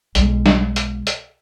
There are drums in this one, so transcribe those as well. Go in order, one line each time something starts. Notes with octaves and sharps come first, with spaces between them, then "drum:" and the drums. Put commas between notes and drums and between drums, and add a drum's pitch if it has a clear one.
B1 G#3, drum: hi-hat
drum: snare
drum: hi-hat
drum: hi-hat